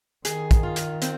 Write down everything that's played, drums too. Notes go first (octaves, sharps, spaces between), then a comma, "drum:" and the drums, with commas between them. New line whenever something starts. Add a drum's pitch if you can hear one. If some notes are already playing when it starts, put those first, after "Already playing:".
D#3 G#4, drum: hi-hat
drum: kick, hi-hat
F4
drum: hi-hat
C4, drum: hi-hat